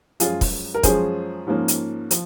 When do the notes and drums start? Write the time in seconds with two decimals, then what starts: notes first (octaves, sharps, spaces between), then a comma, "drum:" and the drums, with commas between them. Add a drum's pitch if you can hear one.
0.20 F#2 F3 G#3 C#4 F4 G#4, drum: hi-hat
0.41 drum: kick, open hi-hat
0.75 A#4
0.83 F#2 F3 G#3 C#4 G#4 C5, drum: kick, hi-hat
1.47 G#2 F3 A#3 C#4
1.68 drum: hi-hat
2.11 F3, drum: hi-hat